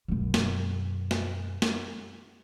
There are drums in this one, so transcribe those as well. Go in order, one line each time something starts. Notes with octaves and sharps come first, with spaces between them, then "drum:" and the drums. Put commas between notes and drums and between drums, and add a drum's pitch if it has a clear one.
F#2 B2
drum: snare
drum: snare
drum: snare